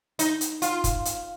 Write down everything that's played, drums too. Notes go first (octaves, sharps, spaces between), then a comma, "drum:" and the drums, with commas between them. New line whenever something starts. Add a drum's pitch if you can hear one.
D#4, drum: hi-hat
drum: hi-hat
F4, drum: hi-hat
drum: kick, hi-hat
drum: hi-hat